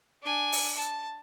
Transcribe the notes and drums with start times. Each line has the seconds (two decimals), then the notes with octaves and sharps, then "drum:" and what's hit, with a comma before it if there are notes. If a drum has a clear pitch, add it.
0.22 D4 G#5
0.52 drum: open hi-hat
0.76 A5